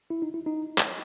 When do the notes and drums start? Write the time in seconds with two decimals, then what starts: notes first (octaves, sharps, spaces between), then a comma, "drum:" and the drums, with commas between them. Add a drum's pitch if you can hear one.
0.10 E4
0.22 D#4
0.34 E4
0.46 D#4
0.78 drum: clap